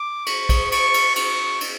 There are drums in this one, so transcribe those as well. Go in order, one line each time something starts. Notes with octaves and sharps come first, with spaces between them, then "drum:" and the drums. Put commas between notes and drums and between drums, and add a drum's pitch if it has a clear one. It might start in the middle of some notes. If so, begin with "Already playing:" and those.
Already playing: D6
C#6, drum: cymbal
drum: kick, cymbal
C#6, drum: cymbal
drum: cymbal
C#6, drum: cymbal
drum: cymbal